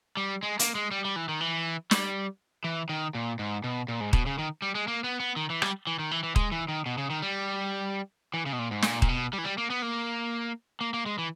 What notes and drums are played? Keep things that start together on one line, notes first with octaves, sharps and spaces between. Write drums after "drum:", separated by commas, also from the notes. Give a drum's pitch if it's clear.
G3
G#3
A#3, drum: hi-hat
G#3
G3
G3
E3
D#3
E3
G3, drum: snare
E3
D#3
A#2
G#2
B2
A#2
G#2
B2, drum: kick D#1
C#3
D#3
G3
G#3
A#3
B3
B3
D#3
E3
G3, drum: rim click
E3
D#3
E3
E3
G#3, drum: kick D#1
E3
D#3
B2
C#3
D#3
G3
E3
C#3
B2
A#2
G#2
A#2, drum: snare
A#2, drum: kick D#1
B2
G3
E3
G3
A#3
B3
A#3
A#3
A#3
G#3
E3